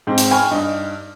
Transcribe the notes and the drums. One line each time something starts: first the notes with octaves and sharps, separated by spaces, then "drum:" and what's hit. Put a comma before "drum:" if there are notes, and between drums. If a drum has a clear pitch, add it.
G#2 C4
drum: hi-hat
G5 G#5 B5 C#6 F6
G2 D#4